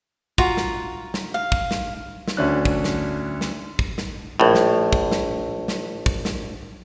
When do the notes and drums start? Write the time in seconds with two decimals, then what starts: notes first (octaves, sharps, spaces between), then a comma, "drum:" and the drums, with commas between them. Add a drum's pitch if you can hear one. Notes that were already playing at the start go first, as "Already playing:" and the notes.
0.38 F4 F#4 A#5, drum: kick
0.57 drum: snare
1.14 drum: snare
1.34 F5
1.52 drum: kick
1.71 drum: snare
2.28 drum: snare
2.37 D2 C#4 D4 F#6
2.65 drum: kick
2.84 drum: snare
3.41 drum: snare
3.79 drum: kick
3.98 drum: snare
4.40 A#1 A2
4.55 drum: snare
4.93 drum: kick
5.11 drum: snare
5.68 drum: snare
6.06 drum: kick
6.25 drum: snare